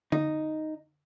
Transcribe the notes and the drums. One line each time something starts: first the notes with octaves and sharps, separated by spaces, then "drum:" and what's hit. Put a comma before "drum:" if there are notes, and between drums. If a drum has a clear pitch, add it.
D#4, drum: tom D3